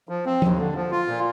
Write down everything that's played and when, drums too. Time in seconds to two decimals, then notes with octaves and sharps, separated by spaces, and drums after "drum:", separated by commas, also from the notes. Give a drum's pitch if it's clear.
0.09 F3
0.26 C4
0.42 D#2, drum: tom F3
0.58 D3
0.75 F3
0.91 F4
1.08 A#2